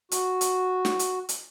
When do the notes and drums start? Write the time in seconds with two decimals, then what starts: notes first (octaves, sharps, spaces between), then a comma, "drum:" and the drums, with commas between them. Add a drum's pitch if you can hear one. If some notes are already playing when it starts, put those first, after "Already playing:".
0.11 F#4, drum: hi-hat
0.41 drum: hi-hat
0.85 drum: snare
0.99 drum: hi-hat
1.29 drum: hi-hat